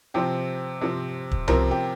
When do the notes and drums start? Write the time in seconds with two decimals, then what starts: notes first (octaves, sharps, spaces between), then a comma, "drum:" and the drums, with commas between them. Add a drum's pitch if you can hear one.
0.14 C3 F3 C4 G4
0.81 C3 F3 C4
1.31 drum: kick
1.48 C3 F3 C4 A#4, drum: tom C2
1.71 G4